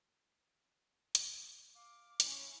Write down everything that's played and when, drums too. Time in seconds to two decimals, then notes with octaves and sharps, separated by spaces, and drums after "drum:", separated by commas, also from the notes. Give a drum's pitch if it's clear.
1.15 drum: hi-hat
1.76 F5 D6
2.20 C#4 E4, drum: hi-hat